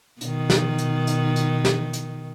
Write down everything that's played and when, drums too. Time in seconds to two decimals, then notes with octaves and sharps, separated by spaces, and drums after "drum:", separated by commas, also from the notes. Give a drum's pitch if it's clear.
0.21 B2 D#3, drum: hi-hat
0.50 drum: snare
0.78 drum: hi-hat
1.07 drum: hi-hat
1.36 drum: hi-hat
1.65 drum: snare
1.93 drum: hi-hat